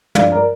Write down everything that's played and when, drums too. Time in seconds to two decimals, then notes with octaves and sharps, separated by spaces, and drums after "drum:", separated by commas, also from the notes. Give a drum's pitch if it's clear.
0.15 G2 F3 D5 F5, drum: tom
0.32 A#4 D5